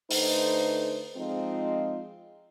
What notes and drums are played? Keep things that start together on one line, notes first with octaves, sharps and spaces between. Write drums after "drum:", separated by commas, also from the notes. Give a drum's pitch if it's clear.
D3 A3 D#4 B4 C5, drum: open hi-hat
F3 G#3 C4 D#4 F4 D#5